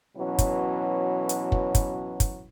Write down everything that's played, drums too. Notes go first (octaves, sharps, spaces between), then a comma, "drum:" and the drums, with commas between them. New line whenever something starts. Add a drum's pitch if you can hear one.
B2 E3 F#3 C#4
drum: kick, hi-hat
drum: hi-hat
drum: kick
drum: kick, hi-hat
drum: kick, hi-hat